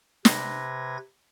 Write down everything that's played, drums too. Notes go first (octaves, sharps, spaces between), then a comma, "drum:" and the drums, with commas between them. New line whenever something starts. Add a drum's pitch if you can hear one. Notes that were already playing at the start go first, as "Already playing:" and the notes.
C3 B4 G#6 A#6, drum: snare